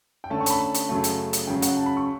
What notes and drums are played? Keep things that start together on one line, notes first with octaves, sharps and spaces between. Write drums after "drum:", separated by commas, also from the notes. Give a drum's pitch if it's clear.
G5
D3 A3 C#4 A5
C#6
A5, drum: hi-hat
B5
A5
drum: hi-hat
F#2 C#3 F#3 A3
drum: hi-hat
drum: hi-hat
C#3 F#3 C#4 G5
F#5, drum: hi-hat
A5
B5
C#6